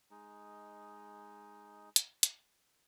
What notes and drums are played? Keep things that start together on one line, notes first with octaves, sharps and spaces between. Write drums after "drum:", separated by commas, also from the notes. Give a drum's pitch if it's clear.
G#3 D#4
drum: hi-hat
drum: hi-hat